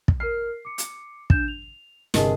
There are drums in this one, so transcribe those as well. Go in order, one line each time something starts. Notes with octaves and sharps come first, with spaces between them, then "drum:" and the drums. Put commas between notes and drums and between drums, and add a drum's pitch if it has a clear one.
drum: kick
A#4 F6 C7
D6 C#7
drum: hi-hat
D4 G6 E7, drum: kick
F7
G1 C3 G#4 A#4 D#5 A5, drum: snare